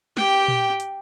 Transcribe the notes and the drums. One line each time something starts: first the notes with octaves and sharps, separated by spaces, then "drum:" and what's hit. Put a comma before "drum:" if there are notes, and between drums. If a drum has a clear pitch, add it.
G4 G5, drum: snare
drum: tom A#2
drum: hi-hat